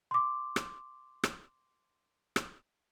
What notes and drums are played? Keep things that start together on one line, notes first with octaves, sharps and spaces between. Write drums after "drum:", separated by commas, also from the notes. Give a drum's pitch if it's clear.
C6 D6
drum: rim click
drum: rim click
drum: rim click